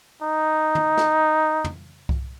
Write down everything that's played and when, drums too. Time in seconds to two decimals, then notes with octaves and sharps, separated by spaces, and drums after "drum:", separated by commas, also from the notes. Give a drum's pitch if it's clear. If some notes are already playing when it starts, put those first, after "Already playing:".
0.22 D#4
0.75 drum: tom
0.97 drum: snare
1.64 drum: tom
2.09 drum: kick C2